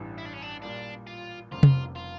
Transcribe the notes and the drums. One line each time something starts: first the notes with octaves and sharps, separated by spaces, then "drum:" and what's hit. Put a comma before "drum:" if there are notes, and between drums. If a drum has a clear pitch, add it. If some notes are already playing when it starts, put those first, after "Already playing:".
Already playing: A1 G2 E3 G3
E4
D4
C#4
D4
A#2 G3 A#3 D4
F4
F1 F2 C#3 G3 A#3 F4
drum: tom C3
F4